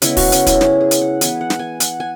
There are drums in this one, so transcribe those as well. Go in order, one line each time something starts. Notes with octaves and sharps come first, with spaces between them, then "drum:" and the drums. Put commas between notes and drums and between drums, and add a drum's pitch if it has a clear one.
C#3 G#3 B3 E4, drum: hi-hat
F#4, drum: kick, open hi-hat
C#4, drum: hi-hat
E4, drum: kick, hi-hat
E4, drum: snare
G#4
drum: hi-hat
F#5
E3 B3 G#5, drum: hi-hat
F#5
drum: snare
G#5
F#5, drum: hi-hat
G#5